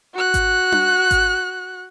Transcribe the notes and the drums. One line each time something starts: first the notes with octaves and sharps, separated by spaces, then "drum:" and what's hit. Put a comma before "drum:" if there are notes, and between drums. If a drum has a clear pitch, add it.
F#4 F#6
drum: kick G#1, hi-hat
drum: tom D4
drum: kick G#1, hi-hat